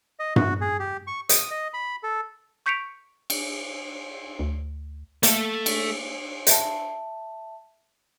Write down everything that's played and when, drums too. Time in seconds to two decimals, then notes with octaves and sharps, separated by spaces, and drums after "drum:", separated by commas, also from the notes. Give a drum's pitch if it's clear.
0.19 D#5
0.36 F#4, drum: tom G2
0.61 G#4
0.79 G4
1.07 C#6
1.29 D#6, drum: hi-hat
1.51 D#5
1.74 B5
2.03 A4
2.66 C#6 G6 B6 C#7 D7 F7
3.30 drum: cymbal
4.39 D2
5.23 A3 A#3 A4, drum: hi-hat
5.66 drum: cymbal
6.47 E5 A5, drum: hi-hat